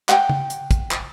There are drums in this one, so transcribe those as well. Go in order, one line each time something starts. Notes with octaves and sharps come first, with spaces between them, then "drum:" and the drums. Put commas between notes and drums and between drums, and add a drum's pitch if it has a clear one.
F#5 G5, drum: clap
drum: tom
drum: hi-hat
drum: kick, hi-hat
drum: clap